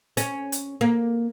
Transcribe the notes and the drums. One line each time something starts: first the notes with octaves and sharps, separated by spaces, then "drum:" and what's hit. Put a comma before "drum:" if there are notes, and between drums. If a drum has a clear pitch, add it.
C#4, drum: hi-hat
drum: hi-hat
A#3